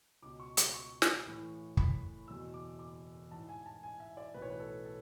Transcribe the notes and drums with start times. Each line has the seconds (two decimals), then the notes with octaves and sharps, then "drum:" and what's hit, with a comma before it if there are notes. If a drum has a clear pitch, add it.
0.22 C#2 B2 D6
0.40 C#6
0.57 D6, drum: hi-hat
0.74 C#6
1.02 drum: snare
1.26 A1 A2 E3
1.77 B5, drum: kick
2.28 F#1 E2 B2 E6
2.54 D6
2.79 D6
3.31 A1 G#2 E3 A5
3.49 G#5
3.66 A5
3.83 G#5
4.00 E5
4.17 D5
4.34 B1 A2 E3 B4
4.42 C#5
4.50 B4
4.60 A4
4.85 A4